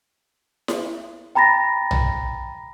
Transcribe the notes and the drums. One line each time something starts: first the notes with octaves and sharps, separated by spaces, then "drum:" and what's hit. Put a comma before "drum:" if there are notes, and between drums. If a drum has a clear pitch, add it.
drum: snare E4
G5 A#5 B5 A6 A#6
drum: tom B1